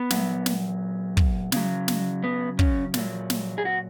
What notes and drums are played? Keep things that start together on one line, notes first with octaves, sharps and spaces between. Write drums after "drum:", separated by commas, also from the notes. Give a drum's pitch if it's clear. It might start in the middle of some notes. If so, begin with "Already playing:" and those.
Already playing: B3
A#2 F#3, drum: snare
drum: snare
drum: kick
C#3 F#3, drum: snare
drum: snare
B3
C#4, drum: kick
A#2 F#3, drum: snare
drum: snare
G#4
F#4